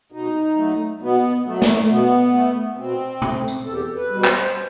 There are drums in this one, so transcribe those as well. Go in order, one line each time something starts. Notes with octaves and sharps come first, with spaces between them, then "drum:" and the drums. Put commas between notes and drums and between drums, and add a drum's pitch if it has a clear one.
B2 D#4
F#3 A3
B2 B3
F#3 A3
A3, drum: snare
A3
B2 B3
A3
B2 C4
A3, drum: tom
drum: tambourine
E2 A4
G4
A4
B4
B2 G3
B4
C5, drum: clap
C5